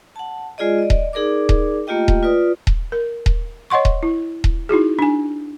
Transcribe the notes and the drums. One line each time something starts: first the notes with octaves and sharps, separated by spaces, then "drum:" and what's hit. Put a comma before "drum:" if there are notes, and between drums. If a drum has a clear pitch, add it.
F#5 A5
G#3 F4 G#4 D5 D#5
D5 D#5
drum: kick D#1
D#4 G#4 A#4 D5 D6
drum: kick D#1
A3 A#3 F4 G4 D#5 G5
drum: kick D#1
F4 B4 D5 D#6
drum: kick D#1
A#4
drum: kick D#1
C#5 D#5 F#5 C6 C#6
drum: kick D#1
E4
drum: kick D#1
D#4 E4 F#4 G#4
D4 G#5